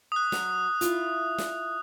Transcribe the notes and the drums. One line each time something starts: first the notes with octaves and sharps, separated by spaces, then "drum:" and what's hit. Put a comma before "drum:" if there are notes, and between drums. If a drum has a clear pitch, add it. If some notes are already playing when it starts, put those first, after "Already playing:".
D#6 F#6
F#3, drum: snare
E4 F4, drum: hi-hat
drum: snare